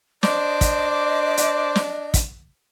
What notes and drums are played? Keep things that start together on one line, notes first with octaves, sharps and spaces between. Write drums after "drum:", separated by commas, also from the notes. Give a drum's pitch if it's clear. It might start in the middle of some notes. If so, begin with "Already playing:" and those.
D4 C5 D#5 D6, drum: snare
drum: kick, hi-hat
drum: hi-hat
drum: snare
drum: kick, hi-hat